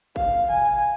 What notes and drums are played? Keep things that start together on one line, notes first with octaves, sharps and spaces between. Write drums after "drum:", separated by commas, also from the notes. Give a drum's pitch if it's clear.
F5, drum: kick
G#5, drum: tom A#2